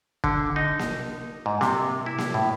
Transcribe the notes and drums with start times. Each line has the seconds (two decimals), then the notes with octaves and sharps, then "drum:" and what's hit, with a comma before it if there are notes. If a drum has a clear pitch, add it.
0.24 D3, drum: kick
0.56 D#4
0.79 drum: snare A#3
1.46 G#2
1.61 C3, drum: snare A#3
2.06 E4
2.18 drum: snare A#3
2.34 A2